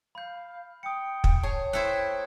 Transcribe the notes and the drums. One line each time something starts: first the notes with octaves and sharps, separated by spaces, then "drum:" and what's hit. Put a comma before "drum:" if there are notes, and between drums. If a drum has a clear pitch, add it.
F5 B5 G6
G5 D#6 C#7
drum: kick
G#4 C#5 A5
A3 E4 C5 G5 F#6 G#6